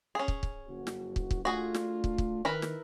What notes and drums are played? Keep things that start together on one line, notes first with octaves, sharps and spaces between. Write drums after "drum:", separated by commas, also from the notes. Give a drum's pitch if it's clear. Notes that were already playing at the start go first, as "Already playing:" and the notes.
C#4 G#4
drum: kick
drum: kick
F#1 F2 F#4
drum: snare
drum: kick
drum: kick
A3 D4 F4 F#4 G#4
drum: snare
drum: kick
drum: kick
D#3 E4 A#4 B4
drum: snare